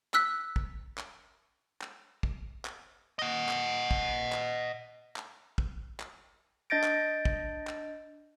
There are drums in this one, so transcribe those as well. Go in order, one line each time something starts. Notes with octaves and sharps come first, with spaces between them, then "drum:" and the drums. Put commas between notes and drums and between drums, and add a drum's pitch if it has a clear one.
E6 F#6 B6, drum: clap
drum: kick
drum: clap
drum: clap
drum: kick
drum: clap
D#5 F#5
drum: clap
drum: kick
drum: clap
drum: clap
drum: kick
drum: clap
D4 D#5 G6 A6 A#6 D7
drum: clap
drum: kick
drum: clap